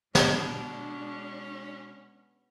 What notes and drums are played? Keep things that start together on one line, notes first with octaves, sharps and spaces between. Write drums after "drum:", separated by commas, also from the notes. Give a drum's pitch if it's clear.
B2 G#3 C#4 D4, drum: snare